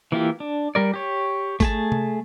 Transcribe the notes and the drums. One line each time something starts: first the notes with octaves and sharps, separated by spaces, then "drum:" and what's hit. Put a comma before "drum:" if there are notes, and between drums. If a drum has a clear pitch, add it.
E3 A#3 E4 F4 G4
D4
G3 A#4 D5
G4 C#5
A3 G#4 A5, drum: kick G#1, tambourine
drum: tom C3